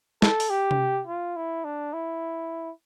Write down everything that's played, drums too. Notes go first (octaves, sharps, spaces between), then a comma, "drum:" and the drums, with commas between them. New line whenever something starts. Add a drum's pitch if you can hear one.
A4, drum: snare
drum: open hi-hat
G4
drum: tom C3
F4
E4
D4
E4